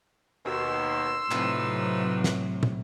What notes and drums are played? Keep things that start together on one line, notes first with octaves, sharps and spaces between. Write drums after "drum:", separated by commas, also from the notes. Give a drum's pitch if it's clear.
D#2 B2 C6 E6
A2 C3 F#3 D#4 F4 B4, drum: clap
drum: snare
drum: tom